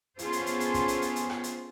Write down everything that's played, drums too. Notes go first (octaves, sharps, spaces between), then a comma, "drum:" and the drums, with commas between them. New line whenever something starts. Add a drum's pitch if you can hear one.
B3 C#4 F4 G#4 A4 C5, drum: hi-hat
drum: hi-hat
drum: hi-hat
drum: hi-hat
drum: kick, hi-hat
drum: hi-hat
drum: hi-hat
drum: hi-hat
drum: rim click
drum: hi-hat